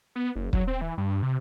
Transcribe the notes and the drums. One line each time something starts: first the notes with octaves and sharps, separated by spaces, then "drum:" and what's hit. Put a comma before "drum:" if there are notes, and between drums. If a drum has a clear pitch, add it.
B3
F#1
F#3, drum: kick
C4
E3
G2
C3